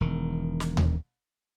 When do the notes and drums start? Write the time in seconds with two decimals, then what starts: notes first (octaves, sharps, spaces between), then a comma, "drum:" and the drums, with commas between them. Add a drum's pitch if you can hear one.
0.01 E1 D#3
0.60 drum: snare
0.77 drum: tom D#2